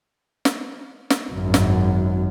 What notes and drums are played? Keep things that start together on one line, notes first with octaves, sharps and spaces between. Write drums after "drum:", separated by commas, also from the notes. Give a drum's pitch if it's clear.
drum: snare
drum: snare
G#1 F#2
drum: snare